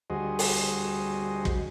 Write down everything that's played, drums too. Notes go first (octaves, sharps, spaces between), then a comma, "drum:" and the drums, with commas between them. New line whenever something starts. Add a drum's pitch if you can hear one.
D2 G3 F#4 G#4 C5 D#5
drum: open hi-hat
drum: kick